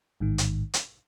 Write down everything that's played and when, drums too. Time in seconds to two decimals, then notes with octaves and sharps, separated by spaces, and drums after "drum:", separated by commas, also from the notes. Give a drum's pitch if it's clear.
0.20 A1 G#2 D#3
0.38 drum: hi-hat
0.74 drum: hi-hat